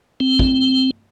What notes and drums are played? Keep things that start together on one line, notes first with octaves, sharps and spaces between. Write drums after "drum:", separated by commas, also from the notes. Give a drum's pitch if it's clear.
C4
drum: kick